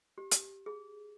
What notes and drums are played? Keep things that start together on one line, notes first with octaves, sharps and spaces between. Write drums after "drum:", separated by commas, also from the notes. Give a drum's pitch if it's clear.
G4
drum: hi-hat
G#4